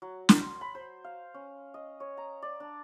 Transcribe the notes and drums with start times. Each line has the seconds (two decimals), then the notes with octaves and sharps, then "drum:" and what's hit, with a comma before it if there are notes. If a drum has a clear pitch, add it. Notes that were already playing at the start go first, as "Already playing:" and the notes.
0.02 F#3
0.29 drum: snare
0.41 C6
0.61 B5
0.75 C5
1.04 F5
1.34 C#4
1.74 D#5
2.00 C#5
2.17 A#5
2.42 D5
2.60 D4